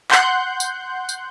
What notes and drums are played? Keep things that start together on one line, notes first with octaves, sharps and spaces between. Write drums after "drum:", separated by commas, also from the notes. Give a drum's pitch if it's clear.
F#5 C6 F#6 G6, drum: clap
drum: tambourine
drum: tambourine